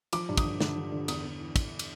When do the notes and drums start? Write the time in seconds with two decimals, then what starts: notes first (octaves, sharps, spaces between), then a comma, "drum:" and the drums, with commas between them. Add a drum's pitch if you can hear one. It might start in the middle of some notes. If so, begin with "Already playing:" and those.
0.13 F3 D6, drum: cymbal
0.29 G2
0.38 D#6, drum: kick, cymbal
0.44 D3
0.60 D3, drum: snare
0.76 D3
0.92 D3
1.08 E2 D#6, drum: cymbal
1.24 E2
1.39 E3
1.56 drum: kick, cymbal
1.79 drum: cymbal